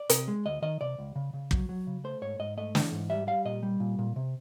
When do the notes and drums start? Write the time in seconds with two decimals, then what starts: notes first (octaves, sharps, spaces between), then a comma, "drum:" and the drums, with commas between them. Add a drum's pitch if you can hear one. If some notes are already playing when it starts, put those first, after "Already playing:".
Already playing: D5
0.09 C3, drum: hi-hat
0.28 G#3
0.46 D2 D#5
0.62 D#3 D#5
0.81 C3 D5
0.99 C#2
1.16 C#3
1.34 C#3
1.51 F#3, drum: kick
1.69 F#3
1.87 C#3
2.04 A3 C5
2.22 G#2 C#5
2.39 G#2 D#5
2.57 A3 D#5
2.75 E3, drum: snare
2.92 G#2
3.10 G3 E5
3.27 G3 F5
3.45 A#2 D#5
3.63 G3
3.80 A#2
3.99 A#2
4.16 C3